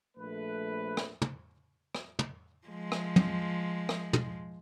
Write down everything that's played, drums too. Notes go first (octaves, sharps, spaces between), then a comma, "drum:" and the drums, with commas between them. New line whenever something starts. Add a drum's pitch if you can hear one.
A#1 A3 B4
drum: rim click
drum: tom
drum: rim click
drum: tom
F3 G#3
drum: rim click
drum: tom
drum: rim click
drum: tom